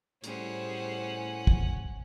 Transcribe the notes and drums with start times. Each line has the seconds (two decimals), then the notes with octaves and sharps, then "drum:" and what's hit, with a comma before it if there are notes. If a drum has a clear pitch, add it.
0.24 A2 G3 C#4 G#4 C5 F#5, drum: hi-hat
1.47 drum: kick